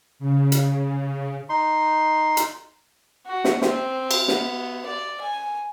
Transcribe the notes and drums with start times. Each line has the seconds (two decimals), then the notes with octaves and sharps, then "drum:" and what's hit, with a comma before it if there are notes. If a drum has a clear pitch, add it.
0.19 C#3
0.52 drum: hi-hat
1.49 D#4 C6
2.37 drum: hi-hat
3.26 F#4
3.44 drum: snare
3.62 C4, drum: snare
4.11 drum: cymbal
4.28 B3, drum: snare
4.86 D5
5.21 G#5